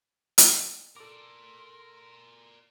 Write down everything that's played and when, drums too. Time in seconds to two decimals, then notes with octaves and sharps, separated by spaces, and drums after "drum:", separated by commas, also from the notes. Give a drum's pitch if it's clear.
0.38 drum: hi-hat
0.96 A4 A#4 D5 C6 D6